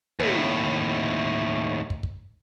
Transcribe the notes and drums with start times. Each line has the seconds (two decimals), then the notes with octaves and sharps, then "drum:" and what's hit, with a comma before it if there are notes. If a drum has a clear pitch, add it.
0.20 D#2 A2, drum: tom
1.90 drum: kick
2.03 drum: kick